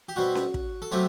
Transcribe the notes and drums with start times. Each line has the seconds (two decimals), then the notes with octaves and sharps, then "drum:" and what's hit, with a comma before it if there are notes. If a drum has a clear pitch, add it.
0.09 G4
0.16 B2 G3 C4 F#4
0.35 drum: snare C#4
0.54 drum: kick
0.82 A4
0.91 C3 F#3 A3 C4 G4